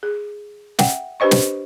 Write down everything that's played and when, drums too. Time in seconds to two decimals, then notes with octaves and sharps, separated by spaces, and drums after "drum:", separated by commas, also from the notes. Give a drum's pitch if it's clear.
0.03 G#4
0.79 E5 F#5 G5, drum: snare
1.20 D4 G4 B4 C5 D#5 C#6
1.31 drum: snare